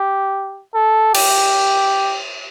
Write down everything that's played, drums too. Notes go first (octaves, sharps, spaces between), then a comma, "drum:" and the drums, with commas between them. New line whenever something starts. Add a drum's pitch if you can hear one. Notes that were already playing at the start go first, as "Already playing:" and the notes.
Already playing: G4
A4
G4, drum: cymbal